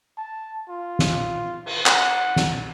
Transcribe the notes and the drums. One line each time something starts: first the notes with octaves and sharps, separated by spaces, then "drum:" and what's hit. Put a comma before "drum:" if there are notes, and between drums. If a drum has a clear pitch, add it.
A5
F4
drum: snare
drum: cymbal
F#5, drum: clap
drum: snare